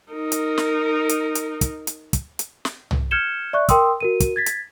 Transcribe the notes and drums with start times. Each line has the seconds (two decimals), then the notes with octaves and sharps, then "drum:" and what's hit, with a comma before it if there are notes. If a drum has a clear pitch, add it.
0.12 D#4 A#4
0.32 drum: hi-hat
0.58 drum: snare
1.09 drum: hi-hat
1.35 drum: hi-hat
1.61 drum: kick, hi-hat
1.87 drum: hi-hat
2.13 drum: kick, hi-hat
2.39 drum: hi-hat
2.65 drum: snare
2.91 drum: tom C2
3.11 F6 G6 G#6 C#7 E7 G7
3.53 D5 E5 C#6 F#6
3.69 A#4 G5 C6 D#6 E6, drum: kick, hi-hat
4.00 F#4 A#4 D#7
4.20 drum: kick, hi-hat
4.36 G#6 A6 B6
4.46 drum: hi-hat